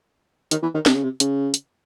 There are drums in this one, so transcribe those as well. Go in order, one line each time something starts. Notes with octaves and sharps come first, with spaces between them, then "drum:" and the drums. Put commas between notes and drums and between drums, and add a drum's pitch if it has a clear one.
D#3, drum: hi-hat
E3
D#3
C3, drum: snare
C#3
C3
C#3, drum: hi-hat
drum: hi-hat